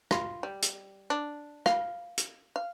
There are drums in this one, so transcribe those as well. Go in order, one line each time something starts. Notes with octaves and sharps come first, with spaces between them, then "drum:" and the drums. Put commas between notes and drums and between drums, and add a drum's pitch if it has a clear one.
F4, drum: rim click
G3
drum: hi-hat
D4
F5, drum: rim click
drum: hi-hat
F5